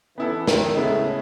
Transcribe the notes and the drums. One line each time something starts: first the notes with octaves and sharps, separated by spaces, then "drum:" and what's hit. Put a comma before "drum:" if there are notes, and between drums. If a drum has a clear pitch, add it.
E3 B3 E4 A4
D#3, drum: snare
A2 C#3 G#3 B3 E4